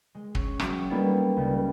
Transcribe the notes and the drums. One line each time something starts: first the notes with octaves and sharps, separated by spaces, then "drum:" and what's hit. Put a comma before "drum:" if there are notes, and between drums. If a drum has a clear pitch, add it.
G#3
C#4, drum: kick
F#3 G#3 G4 E5, drum: rim click
G3 A#3 B3 D#4 F#4 A4
C#2 G3